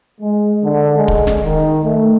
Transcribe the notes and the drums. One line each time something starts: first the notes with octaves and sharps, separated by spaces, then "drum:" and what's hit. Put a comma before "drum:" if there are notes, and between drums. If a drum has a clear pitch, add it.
G#3
D3
G#3
drum: kick
drum: snare
D#3
A3